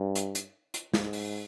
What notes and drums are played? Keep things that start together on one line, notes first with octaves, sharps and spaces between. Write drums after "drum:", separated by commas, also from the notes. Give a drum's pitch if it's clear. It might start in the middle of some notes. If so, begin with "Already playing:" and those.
Already playing: G2
drum: hi-hat
drum: hi-hat
drum: hi-hat
G#2, drum: snare
drum: open hi-hat